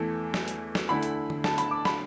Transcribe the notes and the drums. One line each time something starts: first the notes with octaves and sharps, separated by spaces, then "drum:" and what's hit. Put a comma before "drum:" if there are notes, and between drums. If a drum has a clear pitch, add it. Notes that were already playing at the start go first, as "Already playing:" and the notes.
Already playing: E2 E3 A3 E4
drum: snare
drum: hi-hat
drum: snare
D2 D3 A3 E4 B5
drum: hi-hat
drum: tom D3
A5, drum: snare
B5, drum: hi-hat
D6
B5, drum: snare